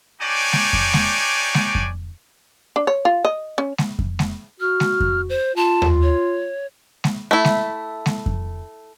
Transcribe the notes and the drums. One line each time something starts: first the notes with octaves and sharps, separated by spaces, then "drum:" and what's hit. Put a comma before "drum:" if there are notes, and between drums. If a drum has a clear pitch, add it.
D4 D#4 G4 C#5 D5 G#5
drum: snare G#3
drum: kick F2
drum: snare G#3
drum: snare G#3
drum: kick F2
D4
C#5
F4
D#5
C#4
drum: snare G#3
drum: kick F2
drum: snare G#3
F#4 F6
drum: snare G#3
drum: kick F2
C5
F4 A5
drum: tom D#2
C#5
drum: snare G#3
A3 E4
drum: snare G#3
drum: snare G#3
drum: kick F2